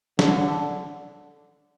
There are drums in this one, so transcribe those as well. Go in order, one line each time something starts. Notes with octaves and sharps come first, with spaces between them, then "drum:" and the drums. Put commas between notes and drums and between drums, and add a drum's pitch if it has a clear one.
D3, drum: snare